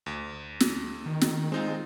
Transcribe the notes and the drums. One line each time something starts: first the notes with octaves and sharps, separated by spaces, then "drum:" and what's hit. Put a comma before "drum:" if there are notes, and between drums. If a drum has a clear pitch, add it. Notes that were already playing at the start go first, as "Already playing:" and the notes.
D2
drum: snare
D#3
drum: snare
G#3 C4 D#4 F4